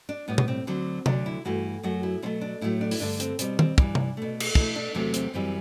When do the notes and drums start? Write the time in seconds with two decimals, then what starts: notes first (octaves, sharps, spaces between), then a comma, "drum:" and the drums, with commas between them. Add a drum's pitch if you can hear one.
0.09 D4
0.28 A2 G3 B3
0.38 B3, drum: tom B2
0.48 C4
0.67 D2 D3 F#3 C4
1.06 D2 D3 F#3 D4, drum: tom C3
1.26 E4
1.45 G2 E3 A3 F#4
1.83 F#2 F#3 A3 F#4
2.03 E4
2.22 B2 F#3 A3 C4
2.41 D4
2.61 A2 F#3 A3 E4
2.81 D4
2.91 E4, drum: open hi-hat
3.00 G2 D3 A3 D4
3.20 C4, drum: hi-hat
3.39 B2 G3 C4, drum: hi-hat
3.59 C4, drum: tom
3.78 G2 E3 G3 D4, drum: kick
3.95 drum: tom C3
4.17 B2 A3
4.40 drum: cymbal
4.55 B2 A3 E4, drum: kick
4.75 D4
4.94 E2 C3 F#3 A3 C4
5.14 C4, drum: hi-hat
5.34 F#2 E3 G3 C4